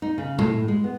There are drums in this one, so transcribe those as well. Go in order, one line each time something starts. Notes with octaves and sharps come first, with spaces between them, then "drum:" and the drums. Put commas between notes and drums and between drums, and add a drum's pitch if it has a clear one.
D#4
C#3
A2, drum: tom A#2
G#3
B3